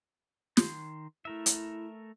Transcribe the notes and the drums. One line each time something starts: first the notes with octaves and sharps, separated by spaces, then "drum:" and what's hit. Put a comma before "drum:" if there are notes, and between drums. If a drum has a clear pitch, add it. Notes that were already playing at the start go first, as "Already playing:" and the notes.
D#3 C6 G6, drum: snare
A3 E4 A#4 E5
drum: hi-hat